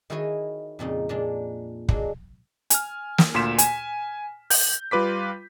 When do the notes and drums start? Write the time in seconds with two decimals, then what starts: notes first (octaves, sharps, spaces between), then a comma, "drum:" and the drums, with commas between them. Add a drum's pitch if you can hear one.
0.10 D#3 E4 F#4 G#4 C#5 D#5
0.79 F2 A#2 C#3 D#4
1.09 A#2 G#3 D4
1.89 F#3 G#3 A#3 D4, drum: kick
2.70 G#5 F6, drum: hi-hat
3.18 drum: snare
3.34 D2 A#2 C6 B6 E7
3.58 G#5, drum: hi-hat
4.50 G6, drum: open hi-hat
4.91 G3 F4 B4 D6 B6